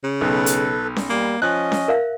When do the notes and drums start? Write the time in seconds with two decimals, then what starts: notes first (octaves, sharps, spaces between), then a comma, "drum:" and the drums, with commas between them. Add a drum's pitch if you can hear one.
0.04 C#3
0.21 B1 A4 B4
0.46 drum: hi-hat
0.96 drum: snare C#4
1.10 G3 A#3
1.42 F3 C#4 D#5 F#6
1.72 drum: snare C#4
1.88 A#4 E5 F5